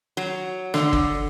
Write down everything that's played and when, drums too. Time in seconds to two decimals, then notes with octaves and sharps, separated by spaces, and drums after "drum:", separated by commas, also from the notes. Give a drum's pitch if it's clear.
0.17 F#3
0.74 D3, drum: snare
0.93 drum: kick G1